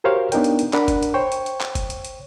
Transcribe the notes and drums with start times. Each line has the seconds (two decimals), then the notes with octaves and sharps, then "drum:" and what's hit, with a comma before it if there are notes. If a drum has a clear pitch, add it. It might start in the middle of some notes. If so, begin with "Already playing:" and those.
0.04 F#4 G4 A#4 C5 C#5 F5
0.32 B3 D4 D#4 A#4 G5, drum: hi-hat
0.44 drum: hi-hat
0.59 drum: hi-hat
0.73 D4 A#4 F#5 B5, drum: clap
0.88 drum: kick, hi-hat
1.03 drum: hi-hat
1.14 C5 C#5 G5 C#6
1.32 drum: hi-hat
1.46 drum: hi-hat
1.61 drum: clap
1.75 drum: kick, hi-hat
1.90 drum: hi-hat
2.05 drum: hi-hat